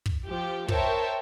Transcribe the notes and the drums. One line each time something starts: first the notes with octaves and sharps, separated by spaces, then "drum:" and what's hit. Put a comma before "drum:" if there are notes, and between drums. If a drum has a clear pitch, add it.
drum: kick
F3 G4
A#4 C5 C#5 E5 G5 A5, drum: kick